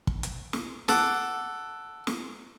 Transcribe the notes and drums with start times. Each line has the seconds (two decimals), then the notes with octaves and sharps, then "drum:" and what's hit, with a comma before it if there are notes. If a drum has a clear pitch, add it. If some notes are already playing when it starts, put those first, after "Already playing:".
0.07 drum: kick
0.23 drum: hi-hat
0.53 drum: snare
0.88 A4 F#5 D6, drum: snare
2.07 drum: snare